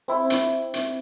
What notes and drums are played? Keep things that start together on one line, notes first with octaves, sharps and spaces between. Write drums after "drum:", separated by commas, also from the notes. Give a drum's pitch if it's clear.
C4 E4
drum: hi-hat
drum: hi-hat